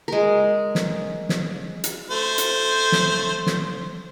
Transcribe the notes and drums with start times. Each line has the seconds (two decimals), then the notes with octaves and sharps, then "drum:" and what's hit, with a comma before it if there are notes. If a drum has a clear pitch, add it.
0.08 G#3 A#4
0.75 drum: snare
1.29 drum: snare
1.84 drum: hi-hat
2.11 A3 C5
2.38 drum: hi-hat
2.92 drum: snare
3.47 drum: snare